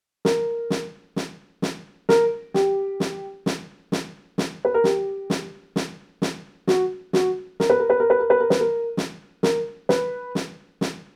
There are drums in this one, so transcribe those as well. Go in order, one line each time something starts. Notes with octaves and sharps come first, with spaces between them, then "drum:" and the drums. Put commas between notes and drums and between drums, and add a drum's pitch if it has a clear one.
A#4, drum: snare
drum: snare
drum: snare
drum: snare
A#4, drum: snare
G4, drum: snare
drum: snare
drum: snare
drum: snare
drum: snare
B4
A#4
G4, drum: snare
drum: snare
drum: snare
drum: snare
F#4, drum: snare
F#4, drum: snare
A#4, drum: snare
B4
A#4
B4
A#4
B4
A#4
B4
A#4
B4, drum: snare
A#4
drum: snare
A#4, drum: snare
B4, drum: snare
drum: snare
drum: snare